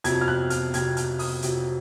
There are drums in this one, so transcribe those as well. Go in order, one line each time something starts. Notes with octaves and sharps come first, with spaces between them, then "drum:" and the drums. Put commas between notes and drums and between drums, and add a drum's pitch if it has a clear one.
F2 C3 F#3 G#6, drum: hi-hat
F6
F#6
F6, drum: hi-hat
F2 C3 F#3 G#6, drum: hi-hat
F6, drum: hi-hat
D#6, drum: open hi-hat
F2 C3 F#3, drum: hi-hat